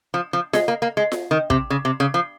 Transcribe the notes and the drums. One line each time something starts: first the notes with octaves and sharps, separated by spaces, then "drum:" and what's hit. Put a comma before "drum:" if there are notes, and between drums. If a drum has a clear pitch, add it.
F3
F3
G#3, drum: snare F4
A#3
A#3
G#3
drum: snare F4
D#3
C3, drum: kick
C#3
C3
C#3
F3